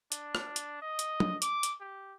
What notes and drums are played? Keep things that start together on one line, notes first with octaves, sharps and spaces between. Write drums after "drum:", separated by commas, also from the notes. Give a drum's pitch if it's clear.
D4, drum: hi-hat
drum: rim click
drum: hi-hat
D#5
drum: hi-hat
drum: tom
D6, drum: hi-hat
drum: hi-hat
G4